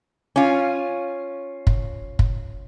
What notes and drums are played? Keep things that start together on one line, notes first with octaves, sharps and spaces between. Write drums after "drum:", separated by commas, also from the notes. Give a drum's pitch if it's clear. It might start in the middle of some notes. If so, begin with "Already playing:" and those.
C#4 F4
drum: kick
drum: kick